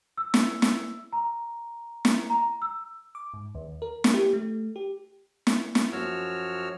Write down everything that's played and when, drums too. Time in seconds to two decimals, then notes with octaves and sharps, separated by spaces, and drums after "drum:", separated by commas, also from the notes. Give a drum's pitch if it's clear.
0.17 E6
0.34 drum: snare
0.62 drum: snare
1.13 A#5
2.05 drum: snare
2.30 A#5
2.62 E6
3.15 D6
3.34 G#2
3.55 D#2
3.82 A#4
4.04 drum: snare
4.14 G4
4.33 A3
4.76 G4
5.47 drum: snare
5.75 drum: snare
5.92 F#2 F3 F#4 C#5 E6 F6